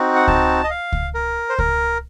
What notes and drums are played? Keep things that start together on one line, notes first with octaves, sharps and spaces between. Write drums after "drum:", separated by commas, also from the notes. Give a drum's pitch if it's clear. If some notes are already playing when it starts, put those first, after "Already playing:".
Already playing: C4 D#4 F#4
F#5
A5, drum: kick C#2
D#5
F5
drum: kick C#2
A#4
C5
A#4, drum: kick C#2